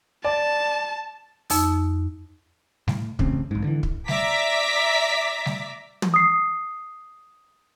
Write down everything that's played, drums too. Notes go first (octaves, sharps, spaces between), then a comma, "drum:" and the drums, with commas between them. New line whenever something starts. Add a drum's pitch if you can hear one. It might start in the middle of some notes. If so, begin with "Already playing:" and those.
D5 A5
F2 D#4 E6, drum: open hi-hat
A2, drum: snare G3
A1 C#3 C4, drum: kick
A#1 G#2
D3 E3
drum: kick
D5 E5 A#5 D6 B6, drum: snare G3
drum: snare G3
drum: tom
D#6 C7